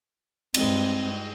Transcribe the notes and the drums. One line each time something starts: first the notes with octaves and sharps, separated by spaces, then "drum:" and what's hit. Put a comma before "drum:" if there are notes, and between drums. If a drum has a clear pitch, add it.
G2 G#3 C4, drum: cymbal